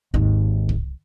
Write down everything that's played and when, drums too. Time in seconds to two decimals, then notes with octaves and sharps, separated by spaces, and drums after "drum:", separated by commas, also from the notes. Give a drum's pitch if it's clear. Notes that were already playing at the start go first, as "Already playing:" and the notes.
0.14 G#1 D#2
0.69 drum: kick